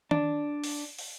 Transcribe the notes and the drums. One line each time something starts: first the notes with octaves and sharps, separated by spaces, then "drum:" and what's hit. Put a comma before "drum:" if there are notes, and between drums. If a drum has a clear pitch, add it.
D4, drum: tom D#3
drum: open hi-hat
drum: open hi-hat